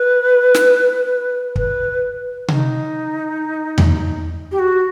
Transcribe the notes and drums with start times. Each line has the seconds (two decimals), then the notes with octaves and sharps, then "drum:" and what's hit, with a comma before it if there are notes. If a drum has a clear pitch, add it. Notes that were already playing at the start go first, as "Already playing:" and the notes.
Already playing: B4
0.54 drum: snare
1.56 B4, drum: kick
2.48 D#4, drum: tom C3
3.78 drum: tom E2
4.51 G4
4.58 F#4